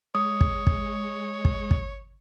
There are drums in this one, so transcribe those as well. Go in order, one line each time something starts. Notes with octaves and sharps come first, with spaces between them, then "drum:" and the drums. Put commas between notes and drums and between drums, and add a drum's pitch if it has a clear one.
G#3 C#5 D#6
drum: kick
drum: kick
drum: kick
drum: kick